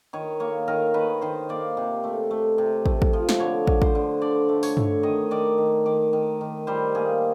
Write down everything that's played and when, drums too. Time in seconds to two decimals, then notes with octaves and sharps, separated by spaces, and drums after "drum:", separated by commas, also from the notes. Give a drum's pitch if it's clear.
0.13 D#3 C#5
0.40 A#3 C#5
0.68 D#3 A#4
0.94 D#3 B4
1.21 D#3 C5
1.49 A#3 D5
1.77 C3
2.04 A3
2.31 A3
2.58 C3
2.86 A3, drum: kick
3.02 drum: kick
3.13 F3
3.29 drum: snare
3.40 D3 C#5
3.67 D3, drum: kick
3.82 C5, drum: kick
3.95 D3
4.21 D3 D5
4.49 A3
4.63 C#5, drum: open hi-hat
4.77 A3, drum: tom G2
5.03 D#3 D#5
5.31 D#3 D5
5.58 D#3
5.86 D#3 D5
6.13 D#3
6.41 D#3
6.67 G3 C5
6.95 A#3 G#4